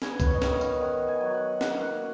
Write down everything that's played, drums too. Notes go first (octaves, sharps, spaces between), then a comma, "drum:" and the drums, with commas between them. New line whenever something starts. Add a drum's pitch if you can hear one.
B3 G#5, drum: snare
B4, drum: kick C2, tambourine
C#5
D#5
D#3 F5, drum: snare
F5, drum: tambourine
D#3 F#5
G#5
F#3
F#5
A#3 F#5, drum: snare
F5 F#5